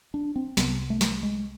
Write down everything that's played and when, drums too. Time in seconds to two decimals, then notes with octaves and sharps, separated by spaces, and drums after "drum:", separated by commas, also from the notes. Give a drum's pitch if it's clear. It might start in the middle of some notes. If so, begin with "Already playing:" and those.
0.14 D4
0.36 C4
0.57 C2 C3 B3, drum: snare
0.90 A3
1.01 drum: snare
1.23 G#3